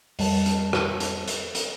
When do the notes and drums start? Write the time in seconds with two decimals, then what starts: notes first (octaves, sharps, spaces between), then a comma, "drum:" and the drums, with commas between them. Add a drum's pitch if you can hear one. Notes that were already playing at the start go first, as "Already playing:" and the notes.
0.19 F2 G3 A5, drum: open hi-hat
0.46 drum: hi-hat
0.73 drum: rim click
1.00 drum: hi-hat
1.28 drum: hi-hat
1.55 drum: hi-hat